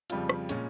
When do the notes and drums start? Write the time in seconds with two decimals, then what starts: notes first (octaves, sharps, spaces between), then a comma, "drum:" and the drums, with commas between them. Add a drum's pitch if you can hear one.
0.10 F2 C#3 G3 C4 F4, drum: hi-hat
0.29 drum: rim click
0.49 A#2 G#3 C#4, drum: hi-hat